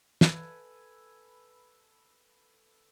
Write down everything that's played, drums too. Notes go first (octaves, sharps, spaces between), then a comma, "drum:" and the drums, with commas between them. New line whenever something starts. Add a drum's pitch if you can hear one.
A4 B4 G#5, drum: snare